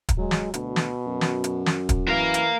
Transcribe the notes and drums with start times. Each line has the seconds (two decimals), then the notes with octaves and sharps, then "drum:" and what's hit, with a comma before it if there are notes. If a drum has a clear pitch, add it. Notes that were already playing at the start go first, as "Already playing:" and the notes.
0.09 drum: kick, hi-hat
0.18 F#3 G#3
0.31 drum: snare
0.54 D2 B2, drum: hi-hat
0.76 drum: snare
1.06 F#2
1.21 drum: snare
1.44 drum: hi-hat
1.66 drum: snare
1.89 drum: kick, hi-hat
2.08 E3 A#4 F5
2.34 drum: hi-hat